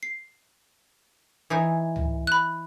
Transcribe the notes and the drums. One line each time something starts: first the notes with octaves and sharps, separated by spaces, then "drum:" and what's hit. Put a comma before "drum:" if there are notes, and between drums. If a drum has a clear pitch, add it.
C7
E3 D#4 G#5
drum: tom C#2
B5 F#6